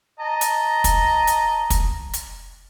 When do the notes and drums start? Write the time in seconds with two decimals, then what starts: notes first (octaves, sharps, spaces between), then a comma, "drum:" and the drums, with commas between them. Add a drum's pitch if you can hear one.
0.19 D#5 A5 A#5
0.41 drum: hi-hat
0.84 drum: kick, hi-hat
1.27 drum: hi-hat
1.70 drum: kick, hi-hat
2.13 drum: hi-hat